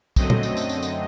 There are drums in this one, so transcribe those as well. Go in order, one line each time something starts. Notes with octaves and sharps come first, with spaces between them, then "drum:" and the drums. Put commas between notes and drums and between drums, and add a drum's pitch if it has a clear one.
F#2 D3 F#3 A3 C4 D#5, drum: kick, tambourine
drum: tom A#2
drum: tambourine
D#5, drum: tambourine
drum: tambourine
drum: tambourine